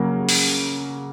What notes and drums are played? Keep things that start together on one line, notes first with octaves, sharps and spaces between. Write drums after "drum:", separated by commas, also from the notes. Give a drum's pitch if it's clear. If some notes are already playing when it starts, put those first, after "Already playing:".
Already playing: C#3 F#3 A#3
drum: open hi-hat